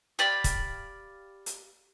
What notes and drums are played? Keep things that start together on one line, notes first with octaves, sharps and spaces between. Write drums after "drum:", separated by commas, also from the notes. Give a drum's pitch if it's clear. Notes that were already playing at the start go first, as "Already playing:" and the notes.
G4 D5 F5 B5
drum: kick, hi-hat
drum: hi-hat